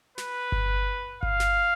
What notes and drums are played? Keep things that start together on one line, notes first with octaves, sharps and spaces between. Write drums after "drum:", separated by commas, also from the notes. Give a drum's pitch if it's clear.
B4, drum: snare
drum: kick G1
F5, drum: kick G1
drum: snare